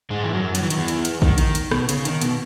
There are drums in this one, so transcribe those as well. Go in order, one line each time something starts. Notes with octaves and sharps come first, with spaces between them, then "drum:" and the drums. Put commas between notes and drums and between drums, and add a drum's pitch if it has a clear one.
G#2 G#3
E3
F#2 F#3
F#3, drum: hi-hat
E3
D#3, drum: hi-hat
E2 E3
drum: hi-hat
drum: hi-hat
D#3, drum: kick A#1
D#3, drum: hi-hat
drum: hi-hat
B2, drum: rim click
C#3, drum: hi-hat
D#3, drum: hi-hat
B2, drum: hi-hat